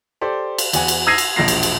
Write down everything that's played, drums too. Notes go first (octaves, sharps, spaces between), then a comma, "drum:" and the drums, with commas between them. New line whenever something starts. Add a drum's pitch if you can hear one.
G4 A4 C5 D5
drum: cymbal
E2 F#4 G#5, drum: cymbal
drum: cymbal
D#6 E6 G#6 A#6 C7 D#7
drum: cymbal
E1 A#1 F3 A#6 C7
drum: cymbal
drum: cymbal